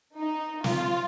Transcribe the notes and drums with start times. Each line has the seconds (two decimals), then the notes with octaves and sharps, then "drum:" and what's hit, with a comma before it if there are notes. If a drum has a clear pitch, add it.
0.17 D#4
0.64 F4, drum: snare